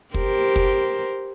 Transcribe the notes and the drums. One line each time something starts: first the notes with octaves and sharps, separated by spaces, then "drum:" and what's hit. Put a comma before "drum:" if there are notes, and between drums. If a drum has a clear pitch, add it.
G4 A#4 C5, drum: kick
drum: kick